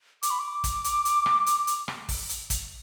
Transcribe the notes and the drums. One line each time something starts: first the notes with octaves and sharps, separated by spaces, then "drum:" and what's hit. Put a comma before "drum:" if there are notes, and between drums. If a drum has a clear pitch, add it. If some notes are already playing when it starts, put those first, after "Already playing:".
D6, drum: hi-hat
B5
D6
drum: kick, hi-hat
drum: hi-hat
drum: hi-hat
drum: rim click
drum: hi-hat
drum: hi-hat
drum: rim click
drum: kick, open hi-hat
drum: hi-hat
drum: kick, hi-hat